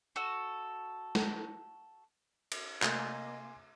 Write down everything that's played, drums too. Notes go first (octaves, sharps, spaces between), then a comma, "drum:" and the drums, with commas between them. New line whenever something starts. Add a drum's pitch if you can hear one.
F#4 A4
drum: snare
drum: cymbal
C3 A3 A#3 D#5 G#5 C6, drum: clap